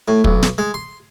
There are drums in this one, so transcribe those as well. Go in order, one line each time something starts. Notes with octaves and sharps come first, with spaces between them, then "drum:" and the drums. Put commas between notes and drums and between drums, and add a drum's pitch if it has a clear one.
A2
B1, drum: kick
drum: snare
G#3
C6